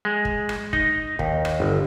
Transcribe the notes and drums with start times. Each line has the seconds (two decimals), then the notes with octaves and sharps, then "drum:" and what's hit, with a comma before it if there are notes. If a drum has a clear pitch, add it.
0.05 G#3
0.25 drum: kick
0.49 drum: rim click
0.73 D#4, drum: kick
1.19 D#2, drum: kick
1.45 drum: rim click
1.60 G1